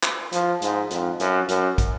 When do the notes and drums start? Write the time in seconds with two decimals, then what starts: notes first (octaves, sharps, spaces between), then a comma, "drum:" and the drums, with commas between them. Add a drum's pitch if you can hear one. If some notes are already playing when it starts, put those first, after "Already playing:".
0.03 drum: clap
0.33 F3, drum: hi-hat
0.62 G#2, drum: hi-hat
0.91 F2, drum: hi-hat
1.20 F#2, drum: hi-hat
1.49 F#2, drum: hi-hat
1.78 drum: kick, hi-hat